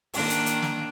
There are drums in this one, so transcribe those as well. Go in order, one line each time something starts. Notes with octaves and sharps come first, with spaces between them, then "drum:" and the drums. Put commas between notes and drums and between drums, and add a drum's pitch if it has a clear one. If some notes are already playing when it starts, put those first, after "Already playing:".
D#3 A#3 D4, drum: open hi-hat
drum: hi-hat
drum: hi-hat
drum: snare